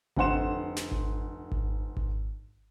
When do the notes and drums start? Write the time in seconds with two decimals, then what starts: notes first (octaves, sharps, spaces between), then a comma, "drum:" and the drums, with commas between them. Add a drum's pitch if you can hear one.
0.16 F1 D3 C4 F#5 C6 E7, drum: kick G#1
0.77 drum: snare
0.92 drum: kick G#1
1.52 drum: kick G#1
1.97 drum: kick G#1